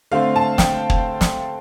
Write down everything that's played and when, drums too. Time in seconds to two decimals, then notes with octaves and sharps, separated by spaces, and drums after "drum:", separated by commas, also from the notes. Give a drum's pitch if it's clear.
0.11 D3 A3 C4 F5
0.36 A5
0.58 G5, drum: snare
0.90 drum: kick
1.21 drum: snare